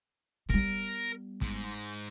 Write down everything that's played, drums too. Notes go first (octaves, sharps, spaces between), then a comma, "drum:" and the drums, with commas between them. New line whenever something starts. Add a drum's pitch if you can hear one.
G3 B3 A#4, drum: kick
G#2, drum: kick